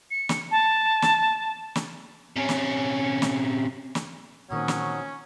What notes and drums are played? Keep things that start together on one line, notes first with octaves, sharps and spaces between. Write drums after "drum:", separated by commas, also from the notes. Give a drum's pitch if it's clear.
C#7
drum: snare
A5
drum: snare
drum: snare
C3 C#4
drum: snare
drum: snare
drum: snare
A#2 D#3 F#3 C4 C#4 C#6 D#6
drum: snare